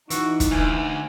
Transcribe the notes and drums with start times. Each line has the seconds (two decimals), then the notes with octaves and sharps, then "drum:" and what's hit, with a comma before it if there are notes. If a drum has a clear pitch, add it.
0.10 E3 D#4 F#4, drum: hi-hat
0.40 drum: kick, hi-hat
0.51 D2 G#5